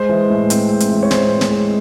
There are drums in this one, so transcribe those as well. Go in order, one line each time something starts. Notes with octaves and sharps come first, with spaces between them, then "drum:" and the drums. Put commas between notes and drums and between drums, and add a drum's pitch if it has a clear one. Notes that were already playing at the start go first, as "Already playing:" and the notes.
Already playing: G#3 C5
E3
A2
C4, drum: hi-hat
G#3
drum: hi-hat
E3
C#5
A2 C5, drum: snare
C4
drum: snare
G#3